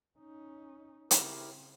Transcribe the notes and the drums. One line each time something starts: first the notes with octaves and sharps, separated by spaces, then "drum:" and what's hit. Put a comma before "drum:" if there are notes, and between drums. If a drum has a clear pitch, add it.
C#4 D#4
C#3 C4 E4 G4 A#4, drum: hi-hat